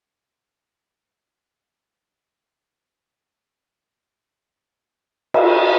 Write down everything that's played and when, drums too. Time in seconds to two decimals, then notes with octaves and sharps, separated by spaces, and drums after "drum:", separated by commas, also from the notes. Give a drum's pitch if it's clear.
0.26 D#4 A6 A#6
1.07 E5 G5 C#6
2.20 B3 C#4 D#4 F4 G#4
4.09 E4 B4
5.34 drum: cymbal